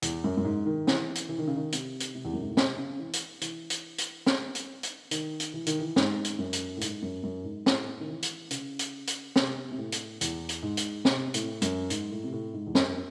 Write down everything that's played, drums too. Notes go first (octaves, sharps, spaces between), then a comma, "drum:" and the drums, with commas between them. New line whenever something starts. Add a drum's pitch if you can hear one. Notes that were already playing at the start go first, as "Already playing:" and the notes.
E2, drum: hi-hat
F#2
F#2
G#2
D#3
E3, drum: snare
drum: hi-hat
E3
D#3
C#3
D#3
C3, drum: hi-hat
drum: hi-hat
C3
E2
F#2
G#2
A2
C3, drum: snare
C#3
E3
drum: hi-hat
E3, drum: hi-hat
drum: hi-hat
drum: hi-hat
drum: snare
drum: hi-hat
drum: hi-hat
D#3, drum: hi-hat
drum: hi-hat
E3
D#3, drum: hi-hat
E3
G#2, drum: snare
drum: hi-hat
F#2
drum: hi-hat
A2
G#2, drum: hi-hat
F#2
F#2
G#2
A2, drum: snare
D#3
E3
drum: hi-hat
C#3, drum: hi-hat
drum: hi-hat
drum: hi-hat
C3, drum: snare
C3
A2
drum: hi-hat
E2, drum: hi-hat
drum: hi-hat
G#2
drum: hi-hat
C3, drum: snare
A2, drum: hi-hat
F#2, drum: hi-hat
G#2, drum: hi-hat
A2
C3
A2
G#2
E2
F#2, drum: snare